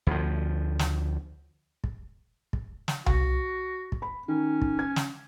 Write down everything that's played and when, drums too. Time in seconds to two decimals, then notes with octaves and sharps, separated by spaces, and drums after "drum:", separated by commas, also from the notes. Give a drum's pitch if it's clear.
0.07 D2 F3
0.79 drum: snare
1.84 drum: kick
2.53 drum: kick
2.88 drum: snare
3.06 F#4, drum: tom C2
3.92 drum: kick
4.02 B5
4.28 D#3 C#4
4.62 drum: kick
4.79 G#6
4.96 drum: snare